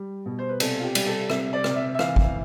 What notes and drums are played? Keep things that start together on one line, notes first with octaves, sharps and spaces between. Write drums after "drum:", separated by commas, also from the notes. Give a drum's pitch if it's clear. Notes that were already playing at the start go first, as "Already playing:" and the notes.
Already playing: G3
B2
C5
B4
C3 A4, drum: cymbal
F4
G4
G3, drum: cymbal
A4
C3 E5, drum: rim click
D5
C3, drum: rim click
E5
E5
E3 F5, drum: rim click
drum: kick